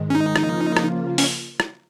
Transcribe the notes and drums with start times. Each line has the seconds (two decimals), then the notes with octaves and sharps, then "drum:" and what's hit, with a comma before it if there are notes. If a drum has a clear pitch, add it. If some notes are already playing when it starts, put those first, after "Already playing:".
Already playing: G#2 D#3 G#3
0.10 C#4
0.15 D#4
0.36 C#3 F3 A#3 F4, drum: rim click
0.77 drum: rim click
1.18 C#4, drum: open hi-hat
1.60 drum: rim click